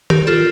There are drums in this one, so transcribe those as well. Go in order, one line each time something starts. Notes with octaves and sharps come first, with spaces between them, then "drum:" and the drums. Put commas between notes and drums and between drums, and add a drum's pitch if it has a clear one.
G4 A#4, drum: tom
F4 A4